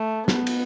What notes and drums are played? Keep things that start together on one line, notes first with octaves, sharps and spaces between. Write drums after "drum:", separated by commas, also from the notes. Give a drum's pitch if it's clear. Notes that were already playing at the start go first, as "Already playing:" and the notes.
Already playing: A3
B3, drum: snare
drum: cymbal